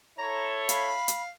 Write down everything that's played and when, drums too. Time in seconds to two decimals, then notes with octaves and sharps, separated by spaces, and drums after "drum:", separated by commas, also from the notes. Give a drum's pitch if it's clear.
0.18 E4 A4 C#5 A#5
0.69 F5 B5, drum: hi-hat
1.08 drum: hi-hat